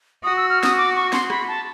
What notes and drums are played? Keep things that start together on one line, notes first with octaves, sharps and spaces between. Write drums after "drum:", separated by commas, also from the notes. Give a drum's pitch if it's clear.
F#4 D#6
E6
F6
D#6, drum: snare
D6
C#6
C6, drum: snare
B5, drum: rim click
A5